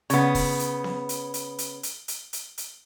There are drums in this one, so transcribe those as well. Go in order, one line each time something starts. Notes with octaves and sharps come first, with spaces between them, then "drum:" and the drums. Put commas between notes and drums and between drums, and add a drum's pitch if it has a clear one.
C#3 B3, drum: hi-hat
drum: kick, open hi-hat
drum: hi-hat
drum: snare B3
drum: hi-hat
drum: hi-hat
drum: hi-hat
drum: hi-hat
drum: hi-hat
drum: hi-hat
drum: hi-hat